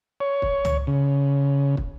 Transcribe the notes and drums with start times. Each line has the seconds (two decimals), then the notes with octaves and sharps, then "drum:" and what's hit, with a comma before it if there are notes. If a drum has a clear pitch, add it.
0.20 C#5
0.42 drum: kick
0.65 drum: tom
0.87 C#3
1.77 drum: kick